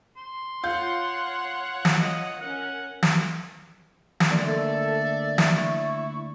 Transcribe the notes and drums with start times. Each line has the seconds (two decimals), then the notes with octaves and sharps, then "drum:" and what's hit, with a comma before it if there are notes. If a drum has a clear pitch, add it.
0.17 C6
0.63 F4 C#5 F5 F#5 G6
1.85 drum: snare
2.00 D#5
2.41 C#4 A#4 F#5
3.03 drum: snare
4.20 drum: snare
4.31 D2 A#3 D5 C6
4.46 A4 D5 E5
5.38 E4 C#6, drum: snare